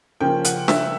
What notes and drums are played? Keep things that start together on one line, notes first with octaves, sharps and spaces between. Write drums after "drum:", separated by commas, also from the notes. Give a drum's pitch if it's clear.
C#3 F3 A#3 C#4 G5
F#5, drum: hi-hat
E5, drum: snare D4